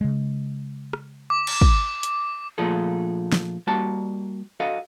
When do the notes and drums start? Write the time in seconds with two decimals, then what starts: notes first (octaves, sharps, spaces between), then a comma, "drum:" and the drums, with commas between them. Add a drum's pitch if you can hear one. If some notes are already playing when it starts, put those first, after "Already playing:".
0.01 C#3 G#3
0.93 drum: rim click
1.30 D6
1.47 drum: cymbal
1.61 drum: kick
2.03 drum: hi-hat
2.58 A#2 F3 A3 F4 G#4 A4
3.32 drum: snare
3.67 G3 A#3 F#4 A5
4.60 F#4 A4 D#5 F5